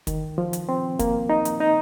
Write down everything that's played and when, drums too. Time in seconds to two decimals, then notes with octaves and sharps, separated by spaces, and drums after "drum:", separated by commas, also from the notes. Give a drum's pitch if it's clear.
0.07 D#3, drum: kick, hi-hat
0.38 F3
0.53 drum: hi-hat
0.69 C4
0.99 A#3, drum: kick, hi-hat
1.30 D#4
1.45 drum: hi-hat
1.60 D#4